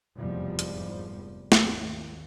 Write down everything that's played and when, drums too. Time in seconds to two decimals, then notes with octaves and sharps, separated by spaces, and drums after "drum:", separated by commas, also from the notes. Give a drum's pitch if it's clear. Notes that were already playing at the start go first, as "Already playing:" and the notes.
0.17 F1 E2 G#2 F3 G3
0.59 drum: hi-hat
1.52 G#1 D#2, drum: snare